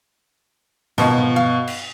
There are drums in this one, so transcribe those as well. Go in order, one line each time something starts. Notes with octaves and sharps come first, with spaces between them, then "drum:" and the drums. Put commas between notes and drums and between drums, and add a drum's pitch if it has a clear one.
B2 D#3 F3, drum: snare
drum: tom G2
F5
drum: cymbal